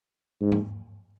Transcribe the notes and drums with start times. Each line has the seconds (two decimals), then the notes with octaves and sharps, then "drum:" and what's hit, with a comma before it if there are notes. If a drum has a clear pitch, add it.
0.41 G#2
0.52 drum: tom G#2